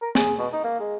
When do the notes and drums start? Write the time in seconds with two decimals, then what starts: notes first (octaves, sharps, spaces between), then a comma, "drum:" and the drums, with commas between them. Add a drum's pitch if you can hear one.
0.02 A#4
0.15 G#4, drum: snare
0.39 B2
0.53 D#4
0.64 A#3
0.80 G#3